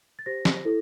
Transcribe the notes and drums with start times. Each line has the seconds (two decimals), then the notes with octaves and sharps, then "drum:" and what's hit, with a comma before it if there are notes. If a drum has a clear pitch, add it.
0.19 A6
0.26 G4 C5 A#6
0.45 drum: snare
0.65 E4 A4